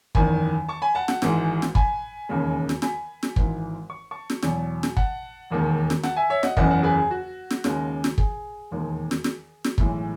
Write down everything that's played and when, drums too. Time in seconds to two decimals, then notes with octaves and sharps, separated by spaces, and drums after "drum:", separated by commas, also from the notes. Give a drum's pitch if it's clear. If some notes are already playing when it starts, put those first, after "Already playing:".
0.15 F#1 E2 D#3 G#5 B5, drum: kick
0.68 A5 C#6
0.82 G#5 B5
0.95 F#5 A5
1.08 F#5 A5, drum: snare
1.22 G#1 G#2 E3 G#3, drum: snare
1.62 drum: snare
1.75 G#5 B5, drum: kick
2.29 E1 D#2 C#3 G#3
2.69 drum: snare
2.82 G#5 B5, drum: snare
3.23 drum: snare
3.36 G#1 G#2 E3, drum: kick
3.90 C#6
4.11 A5 C#6
4.30 drum: snare
4.43 E2 B2 F#3, drum: snare
4.83 drum: snare
4.97 F#5 A5, drum: kick
5.50 E1 D#2 D#3 G#3
5.90 drum: snare
6.04 F#5 A5, drum: snare
6.16 E5 G#5
6.30 C#5 E5
6.43 D#5 F#5, drum: snare
6.57 F#1 E2 C#3 D#5 F#5, drum: kick
6.70 F#5 A5
6.83 G#4 B4
6.97 G#4
7.11 F#4
7.51 drum: snare
7.64 D#2 C#3 G#3, drum: snare
8.04 drum: snare
8.18 G#4, drum: kick
8.71 E1 D#2 D#3 G#3
9.11 drum: snare
9.24 drum: snare
9.64 drum: snare
9.78 B1 A2 E3 G#3, drum: kick